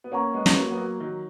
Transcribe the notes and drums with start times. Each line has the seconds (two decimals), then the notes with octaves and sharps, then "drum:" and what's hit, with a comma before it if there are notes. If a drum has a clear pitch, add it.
0.04 B3
0.12 A#3 C#4 C#5 F#5 A#5 C#6
0.34 G#3 B3
0.46 B3, drum: snare
0.55 F#3 A#3
0.71 B3
0.78 F#3 A#3
1.00 D#3 F#3